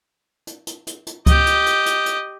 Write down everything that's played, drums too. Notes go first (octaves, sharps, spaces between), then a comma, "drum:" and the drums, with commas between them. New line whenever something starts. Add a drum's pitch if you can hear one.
drum: hi-hat
drum: hi-hat
drum: hi-hat
drum: hi-hat
G4 D#5, drum: kick C#2, hi-hat
drum: hi-hat
drum: hi-hat
drum: hi-hat
drum: hi-hat